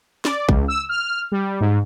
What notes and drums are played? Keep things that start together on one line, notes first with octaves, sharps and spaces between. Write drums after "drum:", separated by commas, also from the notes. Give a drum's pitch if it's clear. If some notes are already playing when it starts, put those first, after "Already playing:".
D5, drum: snare
C#2, drum: kick A#1
E6
F6
G3
G#2